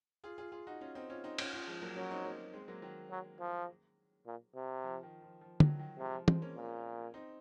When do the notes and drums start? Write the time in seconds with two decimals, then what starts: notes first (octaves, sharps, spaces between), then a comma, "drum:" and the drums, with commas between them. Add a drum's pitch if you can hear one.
0.24 F4 G#4
0.38 F4 G#4
0.52 F4 G#4
0.67 D#4 F#4
0.81 C#4 F4
0.95 C4 D#4
1.10 C#4 F4
1.24 C4 D#4
1.38 C#4 F4, drum: cymbal
1.53 C#4 F4
1.67 F3 G#3
1.82 F#3 A#3
1.96 F#3 A#3 C#4
2.11 C4 D#4
2.25 A#3 C#4
2.54 G#3 C4
2.68 F#3 A#3
2.82 D#3 F#3
3.11 F#3
3.40 F3
4.26 A#2
4.55 C3
4.84 F3
5.03 D#3
5.22 F3
5.41 F3
5.60 D#3 F#3, drum: tom
5.79 D#3 F#3
5.98 C3 F3 G#3
6.13 F3
6.28 G#3 C4, drum: tom
6.42 A#3 C#4
6.56 A#2
7.14 C4 D#4